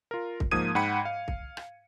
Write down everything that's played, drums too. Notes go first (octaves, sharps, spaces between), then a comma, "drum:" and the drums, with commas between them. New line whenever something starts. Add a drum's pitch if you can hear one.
F4 A#4
drum: kick
G#2 F3 A#3 D#6 G#6 D#7
G#2 F#5 G5 B5 C#7
F5
drum: kick
drum: rim click